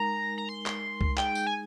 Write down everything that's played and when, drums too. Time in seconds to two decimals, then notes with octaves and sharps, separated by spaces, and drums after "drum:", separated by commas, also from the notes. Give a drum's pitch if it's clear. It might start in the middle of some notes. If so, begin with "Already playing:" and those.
Already playing: G#3 D#4 A#4 A#5
0.38 A#5
0.49 C6
0.66 drum: clap
1.01 drum: kick C2
1.17 G#3 D#4 G#4 G5, drum: clap
1.35 drum: tambourine
1.47 G#5